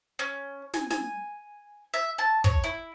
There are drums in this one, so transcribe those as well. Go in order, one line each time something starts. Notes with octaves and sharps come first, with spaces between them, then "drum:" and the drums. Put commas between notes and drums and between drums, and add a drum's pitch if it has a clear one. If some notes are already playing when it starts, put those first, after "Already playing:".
C#4
G#5, drum: snare
G#5, drum: snare
E5
A5
C#5, drum: kick
E4